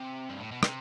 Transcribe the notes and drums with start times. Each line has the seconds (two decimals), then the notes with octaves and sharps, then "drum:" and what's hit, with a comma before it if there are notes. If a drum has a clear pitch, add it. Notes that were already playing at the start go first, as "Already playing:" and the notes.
Already playing: C3
0.29 G2
0.40 A2
0.52 B2
0.63 C3, drum: rim click